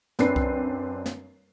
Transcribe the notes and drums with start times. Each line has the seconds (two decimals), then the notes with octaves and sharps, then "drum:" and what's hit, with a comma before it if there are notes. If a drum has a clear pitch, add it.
0.19 F#2 C4 D4 B4 C7, drum: snare
0.36 drum: kick C2
1.06 drum: snare